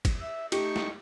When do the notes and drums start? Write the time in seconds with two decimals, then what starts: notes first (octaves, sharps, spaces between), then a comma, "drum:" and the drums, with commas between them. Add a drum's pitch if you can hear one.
0.05 drum: kick, cymbal
0.20 E5
0.52 A3 D#4 G4 C#6, drum: cymbal
0.76 drum: snare